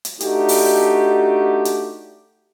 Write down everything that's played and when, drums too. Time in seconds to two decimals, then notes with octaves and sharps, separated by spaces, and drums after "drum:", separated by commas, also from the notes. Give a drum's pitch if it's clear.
0.05 drum: hi-hat
0.20 A3 D4 D#4 F#4 G4, drum: hi-hat
0.49 drum: open hi-hat
1.65 drum: hi-hat